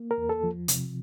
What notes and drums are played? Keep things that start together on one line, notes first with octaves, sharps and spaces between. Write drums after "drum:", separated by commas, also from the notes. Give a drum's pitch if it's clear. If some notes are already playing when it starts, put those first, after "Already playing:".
Already playing: A#3
A#4
E2
A4
F3
C3, drum: hi-hat